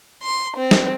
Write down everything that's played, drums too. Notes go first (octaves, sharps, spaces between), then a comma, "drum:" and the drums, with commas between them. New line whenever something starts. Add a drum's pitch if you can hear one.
C6
C4
drum: snare